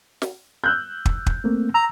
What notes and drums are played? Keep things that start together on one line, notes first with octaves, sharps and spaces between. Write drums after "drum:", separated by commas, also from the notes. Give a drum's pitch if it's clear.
drum: snare
E6 F#6 G6
drum: kick
drum: kick
A3 A#3 C4
A#5 E6